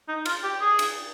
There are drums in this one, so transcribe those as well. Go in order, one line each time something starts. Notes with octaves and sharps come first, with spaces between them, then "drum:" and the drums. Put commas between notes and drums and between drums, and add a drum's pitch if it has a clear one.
D#4
F4, drum: cymbal
G4
G#4
drum: cymbal